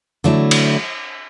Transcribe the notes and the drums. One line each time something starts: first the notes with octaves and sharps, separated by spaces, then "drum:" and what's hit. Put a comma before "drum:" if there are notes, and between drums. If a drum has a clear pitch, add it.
D3 F#3 A3 E4
drum: cymbal